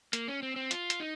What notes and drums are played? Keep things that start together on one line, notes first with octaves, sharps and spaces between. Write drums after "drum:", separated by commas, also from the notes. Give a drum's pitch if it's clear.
A#3, drum: hi-hat
C#4
C4
C4
F4, drum: hi-hat
drum: hi-hat
D#4